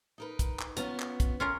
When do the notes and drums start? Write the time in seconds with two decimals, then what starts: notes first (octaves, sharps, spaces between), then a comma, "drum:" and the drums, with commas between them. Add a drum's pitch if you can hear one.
0.18 D#4 A#4 B4
0.39 drum: kick, hi-hat
0.59 drum: clap
0.77 B3 C#4 F4 A#5, drum: hi-hat
1.00 drum: clap
1.20 drum: kick, hi-hat
1.40 C#4 F4 A#4